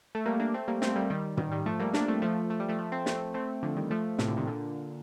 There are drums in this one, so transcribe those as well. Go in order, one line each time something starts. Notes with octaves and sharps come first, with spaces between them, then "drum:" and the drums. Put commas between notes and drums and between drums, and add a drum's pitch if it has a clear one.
A3
G3 A#3
A#3 D4
A3 C4
G3 A#3
A3 C4, drum: snare
G3 A#3
D#3 G3
D#3 G3, drum: tom
D#3 G3
F3 A3
G3 A#3
A#3 D4, drum: snare
A3 C4
F3 A3
A3
G3
F3 A3
F3 A3
A3 C4
A3 C4, drum: snare
A3 C4
D3 F3
D#3 G3
F3 A3
A2 C3, drum: snare
A#2 D3
C3 D#3
A#2 D3